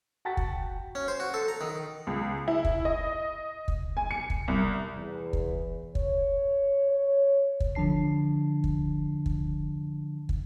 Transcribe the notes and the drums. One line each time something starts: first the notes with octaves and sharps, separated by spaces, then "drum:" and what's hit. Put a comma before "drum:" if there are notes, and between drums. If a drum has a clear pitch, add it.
F#4 F#5 G5 A5 A6 B6
drum: kick
C#4
C5
F#4
A4
A#5
D#3
C#2
E4
drum: kick
D#5
drum: kick
G#5
C#7
drum: kick
C2
E2
drum: kick
C#5, drum: kick
C#5
drum: kick
D3 F3 D4 A5 C7
drum: kick
drum: kick
drum: kick